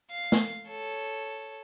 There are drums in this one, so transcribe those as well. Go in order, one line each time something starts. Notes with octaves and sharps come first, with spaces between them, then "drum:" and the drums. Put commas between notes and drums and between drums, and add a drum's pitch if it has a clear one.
F5
drum: snare
A4 C#5